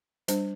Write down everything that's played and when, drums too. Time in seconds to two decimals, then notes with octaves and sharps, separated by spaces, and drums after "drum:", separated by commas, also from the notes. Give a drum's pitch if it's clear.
0.28 G3 D4 C5, drum: hi-hat